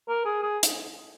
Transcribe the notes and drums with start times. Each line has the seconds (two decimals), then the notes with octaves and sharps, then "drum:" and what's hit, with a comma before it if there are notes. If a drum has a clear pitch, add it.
0.09 A#4
0.25 G#4
0.43 G#4
0.63 drum: hi-hat